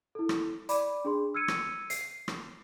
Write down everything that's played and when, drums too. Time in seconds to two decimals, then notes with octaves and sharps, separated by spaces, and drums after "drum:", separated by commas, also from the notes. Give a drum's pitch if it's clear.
0.15 E4 A4
0.29 drum: rim click
0.69 D5 B5 D6, drum: hi-hat
1.05 D4 G#4 C6
1.34 E6 F6 G#6 C#7 D#7
1.48 drum: rim click
1.90 C7, drum: hi-hat
2.28 drum: rim click